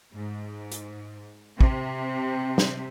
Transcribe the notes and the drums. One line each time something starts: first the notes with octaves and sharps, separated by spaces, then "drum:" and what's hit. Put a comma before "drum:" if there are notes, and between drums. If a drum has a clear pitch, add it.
G#2
drum: hi-hat
C3, drum: kick
drum: snare